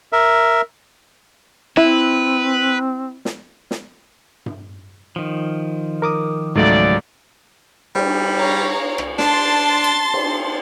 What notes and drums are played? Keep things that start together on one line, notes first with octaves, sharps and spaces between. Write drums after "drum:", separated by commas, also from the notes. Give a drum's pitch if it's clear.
A#4 E5
C4 E4 B4
drum: snare
drum: snare
drum: tom G2
D#3 F3
A#4 D6 D#6
C#2 G#2 F#3 A3 D5
G3, drum: cymbal
C#5 F5 A#5
drum: rim click
D4 A5 C6 A6, drum: snare
drum: cymbal
drum: cymbal